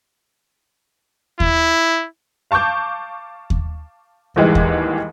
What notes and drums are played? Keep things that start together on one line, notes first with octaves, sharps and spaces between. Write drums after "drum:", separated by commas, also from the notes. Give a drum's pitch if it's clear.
E4, drum: kick D#2
F5 A5 C#6 D6 G6
drum: kick D#2
D#2 G#2 E3 G3 G#3
drum: kick D#2